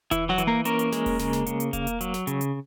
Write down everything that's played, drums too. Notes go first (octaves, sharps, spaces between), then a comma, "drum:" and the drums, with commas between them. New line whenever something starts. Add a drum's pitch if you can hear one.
E3 E4, drum: kick E1, hi-hat
F#3 F#4
E3, drum: hi-hat
A#3 A#4
A#3 C#4 A#4, drum: hi-hat
drum: hi-hat
G#3, drum: snare
drum: kick E1, open hi-hat
C#3, drum: snare
drum: snare
C#3, drum: hi-hat
drum: hi-hat
A#3, drum: kick E1, hi-hat
drum: hi-hat
F#3, drum: hi-hat
drum: snare
C#3, drum: hi-hat
drum: hi-hat